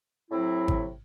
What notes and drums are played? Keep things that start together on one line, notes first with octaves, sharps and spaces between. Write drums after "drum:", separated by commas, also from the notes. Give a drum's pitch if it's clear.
A2 C3 F#3 C4 E4
drum: kick G#1